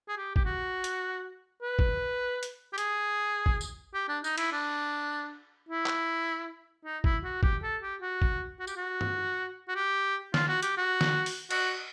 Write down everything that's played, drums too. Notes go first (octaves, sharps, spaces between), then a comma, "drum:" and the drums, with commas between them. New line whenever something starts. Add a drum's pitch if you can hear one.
G#4
G4
G4, drum: kick A1
F#4
drum: hi-hat
B4
drum: kick A1
drum: hi-hat
G4
G#4, drum: hi-hat
drum: kick A1
drum: tambourine
G4
D4
D#4, drum: tambourine
E4, drum: cymbal
D4
E4
drum: clap
D#4
E4, drum: kick A1
F#4
G4, drum: kick A1
A4
G4
F#4
drum: kick A1
F#4
G4, drum: tambourine
F#4
drum: tom G2
F#4
G4
F4, drum: snare
F#4
G4, drum: hi-hat
F#4
drum: snare
drum: open hi-hat
F#4, drum: cymbal